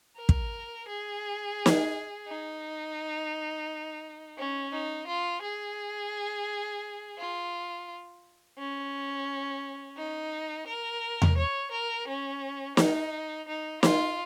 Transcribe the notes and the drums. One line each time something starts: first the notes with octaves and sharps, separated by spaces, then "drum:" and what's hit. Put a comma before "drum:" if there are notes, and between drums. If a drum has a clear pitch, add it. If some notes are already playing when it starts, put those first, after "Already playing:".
A#4
drum: kick
G#4
drum: snare
D#4
C#4
D#4
F4
G#4
F4
C#4
D#4
A#4
drum: tom E2
C#5
A#4
C#4
D#4, drum: snare
D#4
F4, drum: snare